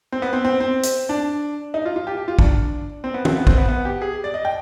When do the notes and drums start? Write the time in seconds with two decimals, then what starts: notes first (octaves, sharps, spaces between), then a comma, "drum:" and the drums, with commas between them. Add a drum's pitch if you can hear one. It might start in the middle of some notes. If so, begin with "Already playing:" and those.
0.12 C4
0.22 B3
0.33 C4
0.45 C4
0.60 C4
0.83 drum: hi-hat
1.09 D4
1.74 D#4
1.85 F4
1.96 F4
2.07 G4
2.17 G4
2.28 F4
2.39 D4, drum: kick
3.04 C4
3.14 B3
3.25 C4, drum: tom D#3
3.36 B3
3.47 C4, drum: kick
3.58 B3
3.69 B3
3.85 G4
4.02 G#4
4.24 D5
4.34 D#5
4.45 G5